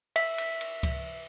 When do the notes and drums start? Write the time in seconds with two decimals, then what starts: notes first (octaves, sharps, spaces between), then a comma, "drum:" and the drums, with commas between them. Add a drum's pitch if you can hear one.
0.16 E5, drum: cymbal
0.38 drum: cymbal
0.61 drum: cymbal
0.83 drum: kick C#2, cymbal